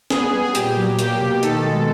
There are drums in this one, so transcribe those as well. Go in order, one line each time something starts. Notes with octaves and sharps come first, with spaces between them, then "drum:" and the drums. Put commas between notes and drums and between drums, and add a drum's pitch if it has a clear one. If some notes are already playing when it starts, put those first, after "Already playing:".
B3 G#4, drum: snare
G3
G#4
A#2 G4, drum: hi-hat
F#3
A#3 G4, drum: hi-hat
B2
D#3 A4, drum: hi-hat
G#3